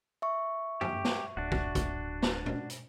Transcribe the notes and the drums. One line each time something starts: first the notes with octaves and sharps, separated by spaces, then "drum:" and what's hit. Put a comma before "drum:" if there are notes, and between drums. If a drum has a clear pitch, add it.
E5 C#6
G4, drum: tom F#2
drum: snare
D1 D4 F#4
drum: kick
drum: kick, hi-hat
drum: snare
drum: tom A#2
drum: hi-hat